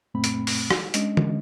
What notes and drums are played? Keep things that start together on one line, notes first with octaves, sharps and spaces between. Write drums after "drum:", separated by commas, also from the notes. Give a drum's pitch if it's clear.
F#2 A#2 A3 C4 B5
drum: hi-hat
drum: open hi-hat
drum: rim click
G#3 C#4 D4 D#5, drum: hi-hat
drum: tom D3